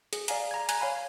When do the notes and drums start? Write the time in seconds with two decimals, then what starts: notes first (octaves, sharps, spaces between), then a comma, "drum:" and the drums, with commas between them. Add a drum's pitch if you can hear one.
0.13 G#4, drum: hi-hat
0.28 D5 F5 G#5 A#5, drum: hi-hat
0.51 A#5 G#6
0.69 G#5 A#5 F#6 G#6, drum: hi-hat
0.81 C#5 F5 G#5 B5